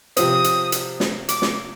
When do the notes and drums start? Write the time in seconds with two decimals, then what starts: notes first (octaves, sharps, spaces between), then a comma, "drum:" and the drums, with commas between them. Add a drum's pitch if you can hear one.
0.17 C3 F3 C4 D#6, drum: hi-hat
0.44 drum: hi-hat
0.72 drum: hi-hat
1.00 drum: snare
1.29 D6, drum: hi-hat
1.42 drum: snare